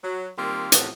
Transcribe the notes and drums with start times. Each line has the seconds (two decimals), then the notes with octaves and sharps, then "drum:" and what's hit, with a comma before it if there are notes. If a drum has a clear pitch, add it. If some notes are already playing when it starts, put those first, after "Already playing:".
0.04 F#3
0.38 D#3 G3 A#3 C4 F4 A#4
0.72 A2 C3 E3 F3 B3 A#4, drum: hi-hat